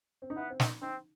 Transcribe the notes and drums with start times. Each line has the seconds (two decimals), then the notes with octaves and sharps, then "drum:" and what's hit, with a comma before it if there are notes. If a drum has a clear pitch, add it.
0.22 C4
0.30 D#4
0.36 B3 E4
0.50 C4
0.60 D#4, drum: snare
0.82 C4 D#4